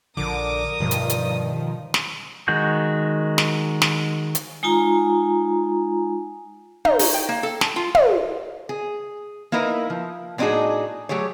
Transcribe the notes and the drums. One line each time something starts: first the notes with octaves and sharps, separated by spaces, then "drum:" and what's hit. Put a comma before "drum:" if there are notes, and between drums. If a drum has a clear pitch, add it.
A#1 D3 F3 A#4 D6 D#6
G2 B2 D3 D#3 F3 G3
drum: hi-hat
drum: hi-hat
drum: snare
D#3 G#3 F#4 G6
drum: snare
drum: snare
drum: hi-hat
G#3 D#4 F4 G#5 A#5
D#4, drum: tom
D#4, drum: open hi-hat
G5
A#3
A4
A5, drum: snare
F4
drum: tom
G#4
A#3 D#4 E4 A#4 B4
F3
A2 C4 D4 D#4 F#4 G#4
F#3 A3 G4 G#4 C#5